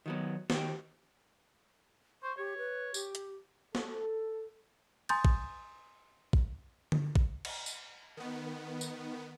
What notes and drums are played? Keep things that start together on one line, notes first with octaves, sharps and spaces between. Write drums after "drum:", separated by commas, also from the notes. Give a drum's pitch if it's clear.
D#3 F#3 B3
D#3 G4, drum: snare
C5 C#6
G4 C#5
B4
G4, drum: tambourine
drum: hi-hat
A4, drum: snare
G#5 A#5 C6 D#6 G6 A6, drum: cymbal
drum: kick A1
drum: kick A1
drum: tom D3
drum: kick A1
drum: cymbal
drum: tambourine
D#3 B3
drum: tambourine